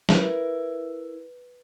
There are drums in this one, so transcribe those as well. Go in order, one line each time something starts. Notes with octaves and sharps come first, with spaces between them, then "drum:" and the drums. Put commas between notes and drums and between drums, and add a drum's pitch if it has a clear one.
E4 A#4 B4, drum: snare